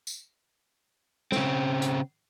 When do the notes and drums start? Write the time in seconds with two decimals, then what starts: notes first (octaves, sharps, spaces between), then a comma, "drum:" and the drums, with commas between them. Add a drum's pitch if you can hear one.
0.07 drum: tambourine
1.32 C#3 C4, drum: snare
1.82 drum: hi-hat